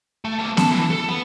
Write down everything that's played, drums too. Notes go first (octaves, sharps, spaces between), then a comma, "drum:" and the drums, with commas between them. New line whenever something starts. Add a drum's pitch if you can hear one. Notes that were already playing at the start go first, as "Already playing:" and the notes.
A3
A3 A#3
A4 A5, drum: snare B3
E3
A4
B3